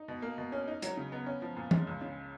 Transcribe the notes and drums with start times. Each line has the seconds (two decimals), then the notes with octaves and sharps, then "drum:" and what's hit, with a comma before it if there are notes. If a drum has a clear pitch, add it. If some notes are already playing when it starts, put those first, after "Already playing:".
Already playing: D#4
0.08 B2
0.22 A#3
0.38 B2
0.52 C#4
0.68 D#4
0.82 F#3, drum: hi-hat
0.97 C#3
1.12 B3
1.26 C#4
1.42 F3
1.56 A#2
1.71 G#3, drum: tom E3
1.87 C#2
2.01 C#3